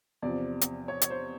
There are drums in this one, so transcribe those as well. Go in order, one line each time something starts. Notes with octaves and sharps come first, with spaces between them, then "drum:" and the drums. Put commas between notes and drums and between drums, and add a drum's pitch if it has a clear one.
E2 C3 F3 D5
drum: hi-hat
C#5
C#5, drum: hi-hat
C5